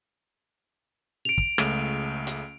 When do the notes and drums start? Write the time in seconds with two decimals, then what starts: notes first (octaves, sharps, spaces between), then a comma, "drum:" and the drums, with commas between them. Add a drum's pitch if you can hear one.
1.25 D7 F7
1.38 drum: kick
1.58 C#2 C#3 A3, drum: rim click
2.27 drum: hi-hat